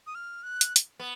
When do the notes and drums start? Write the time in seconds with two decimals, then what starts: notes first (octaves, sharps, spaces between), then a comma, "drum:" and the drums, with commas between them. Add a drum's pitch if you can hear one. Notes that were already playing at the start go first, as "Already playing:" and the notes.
0.07 D#6
0.15 F6
0.43 F#6
0.61 drum: hi-hat
0.76 drum: hi-hat
1.00 B3